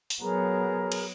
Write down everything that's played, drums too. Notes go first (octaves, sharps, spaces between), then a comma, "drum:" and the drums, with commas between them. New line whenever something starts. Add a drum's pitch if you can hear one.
drum: open hi-hat
F#3 B3 G#4 A#4 A#5
drum: cymbal